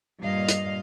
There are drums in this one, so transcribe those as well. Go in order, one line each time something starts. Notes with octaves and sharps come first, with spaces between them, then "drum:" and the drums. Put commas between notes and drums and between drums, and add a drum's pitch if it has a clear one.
G2 A#2 D#5 F5
drum: hi-hat